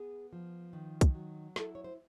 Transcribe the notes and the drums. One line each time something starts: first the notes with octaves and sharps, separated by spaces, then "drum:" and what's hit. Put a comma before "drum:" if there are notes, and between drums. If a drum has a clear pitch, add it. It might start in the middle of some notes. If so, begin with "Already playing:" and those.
Already playing: B3 G#4
F3
D#3
drum: kick, hi-hat
F#3
E4 A4, drum: snare
C#5
C5